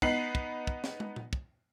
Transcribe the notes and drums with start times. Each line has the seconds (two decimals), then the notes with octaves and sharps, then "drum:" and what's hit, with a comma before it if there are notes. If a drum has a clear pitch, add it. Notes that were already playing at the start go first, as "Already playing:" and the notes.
0.02 B3 D#4 B6 C7 F#7, drum: kick
0.35 drum: kick
0.67 drum: kick
0.84 drum: snare
1.00 drum: tom
1.16 drum: tom
1.33 drum: kick